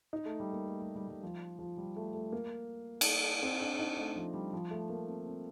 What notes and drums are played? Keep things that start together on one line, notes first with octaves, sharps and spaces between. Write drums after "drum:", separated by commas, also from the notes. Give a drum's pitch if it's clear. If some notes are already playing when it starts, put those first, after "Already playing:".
D#4
A3
G3
A#3
A3
G3
G3
G3
F3
F3
G3
A3
A3
A#3
drum: cymbal
C4
D4
D#4
A3
F3
G3
F3
A3
A#3
C4
C4